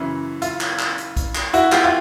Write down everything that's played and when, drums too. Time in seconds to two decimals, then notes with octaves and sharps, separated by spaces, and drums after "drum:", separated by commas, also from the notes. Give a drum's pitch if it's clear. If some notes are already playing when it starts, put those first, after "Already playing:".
Already playing: F#2 C#3 E3
0.42 F4, drum: hi-hat
0.61 drum: clap
0.79 drum: clap
0.98 drum: hi-hat
1.17 drum: kick, hi-hat
1.35 drum: clap
1.53 E4 F#4, drum: hi-hat
1.72 F4 G4, drum: clap
1.84 F4